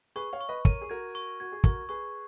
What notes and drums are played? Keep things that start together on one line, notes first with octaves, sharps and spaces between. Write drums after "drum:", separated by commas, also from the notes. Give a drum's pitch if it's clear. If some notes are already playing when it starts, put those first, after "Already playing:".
G#4 B4 C#6
C#5 F5
C#6
B4 D#5
A#4 C#5 D#7, drum: kick
G#4
F#4 A#4 G#6
C#6
F#4 G#6
G#4
F#4 A#4 C#6, drum: kick
G#4 B4 C#6